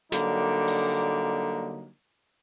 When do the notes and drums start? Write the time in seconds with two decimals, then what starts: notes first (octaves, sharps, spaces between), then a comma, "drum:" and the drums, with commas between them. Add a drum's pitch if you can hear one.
0.12 D3 F#3 G3 A#3 D#4, drum: snare
0.68 drum: open hi-hat